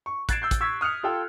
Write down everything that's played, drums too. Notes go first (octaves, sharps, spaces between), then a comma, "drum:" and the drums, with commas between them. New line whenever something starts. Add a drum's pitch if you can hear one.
C#6
F#6 G#6 A6 C7 D7 E7, drum: kick, hi-hat
E6 G6 C7
drum: kick, hi-hat
C#6 E6 G#6 B6
D#6 F6 F#6 C#7 F7
F4 A4 G5